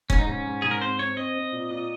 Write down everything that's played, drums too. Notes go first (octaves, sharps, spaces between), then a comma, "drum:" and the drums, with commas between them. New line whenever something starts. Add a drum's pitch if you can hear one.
G#2 C#4, drum: kick
D#4
G#2 C#4
G#2
G#2 G#4
A#4
C4 C5
C4 C#5
C4 D#5
C4
A#2
A#2